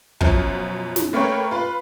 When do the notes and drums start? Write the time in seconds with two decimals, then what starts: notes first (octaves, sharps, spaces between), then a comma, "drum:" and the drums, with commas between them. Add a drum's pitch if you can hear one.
0.21 F#2 B2 F3, drum: kick
0.96 drum: snare
1.13 A3 A#3 A#4 B4 C#5 G5
1.51 F4 B4